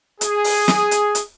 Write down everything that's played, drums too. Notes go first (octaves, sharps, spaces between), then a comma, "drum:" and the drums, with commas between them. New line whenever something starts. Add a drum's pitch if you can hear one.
G#4, drum: hi-hat
drum: open hi-hat
drum: snare
drum: hi-hat
drum: hi-hat